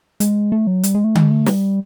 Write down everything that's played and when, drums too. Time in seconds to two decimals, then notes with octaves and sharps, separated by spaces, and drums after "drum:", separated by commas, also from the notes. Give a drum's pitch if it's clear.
0.20 G#3, drum: hi-hat
0.52 A3
0.67 F#3
0.83 G3, drum: hi-hat
0.94 G#3
1.04 A3
1.15 G#3, drum: tom D3
1.31 A3
1.46 G3, drum: snare